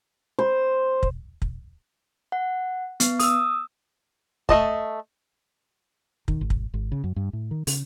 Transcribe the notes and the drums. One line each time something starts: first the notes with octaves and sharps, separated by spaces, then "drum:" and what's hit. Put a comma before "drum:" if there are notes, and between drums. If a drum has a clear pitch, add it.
C5
drum: kick
drum: kick
F#5
B3, drum: hi-hat
D#6 E6, drum: open hi-hat
A3 D#5 A5, drum: kick
D#3, drum: kick
G#1
drum: kick
G#1
C#3
F#2
G2
A2
D#3
C#3, drum: open hi-hat